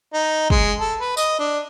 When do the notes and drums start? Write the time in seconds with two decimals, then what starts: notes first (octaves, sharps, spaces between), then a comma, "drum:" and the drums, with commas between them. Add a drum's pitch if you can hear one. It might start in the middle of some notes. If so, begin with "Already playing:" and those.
0.14 D#4
0.50 G#3, drum: kick
0.80 A4
1.00 B4
1.17 D#5, drum: tambourine
1.39 D4